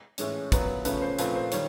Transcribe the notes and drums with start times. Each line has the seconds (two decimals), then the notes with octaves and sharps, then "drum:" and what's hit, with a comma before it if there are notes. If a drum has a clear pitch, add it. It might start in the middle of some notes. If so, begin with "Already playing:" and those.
0.18 A2 E3 G#3 C#4, drum: hi-hat
0.52 A#2 F#3 B3, drum: kick, hi-hat
0.85 C#3 F3 A3 C#4 B4, drum: hi-hat
1.02 C5
1.19 A#2 F3 A3 C4 B4, drum: hi-hat
1.35 C5
1.52 D#3 G3 C#5, drum: hi-hat